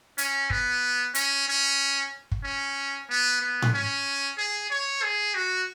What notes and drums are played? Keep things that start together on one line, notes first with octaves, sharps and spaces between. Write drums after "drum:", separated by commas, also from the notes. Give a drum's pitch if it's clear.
C#4, drum: hi-hat
B3, drum: kick
C#4, drum: hi-hat
C#4
drum: kick
C#4
B3
B3
drum: tom A2
C#4
G#4
C#5
G#4
F#4